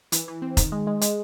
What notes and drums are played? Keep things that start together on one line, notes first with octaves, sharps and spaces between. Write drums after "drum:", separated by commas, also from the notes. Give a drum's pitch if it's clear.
E3, drum: hi-hat
E3
C4
D#3, drum: kick F1, hi-hat
G#3
G#3
G#3, drum: hi-hat